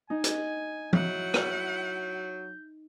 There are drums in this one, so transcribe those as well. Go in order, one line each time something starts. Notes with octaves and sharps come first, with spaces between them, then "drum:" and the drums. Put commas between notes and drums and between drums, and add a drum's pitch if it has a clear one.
D#4 G#5
drum: hi-hat
F#3 E4 F#5 G6, drum: tom F3
drum: rim click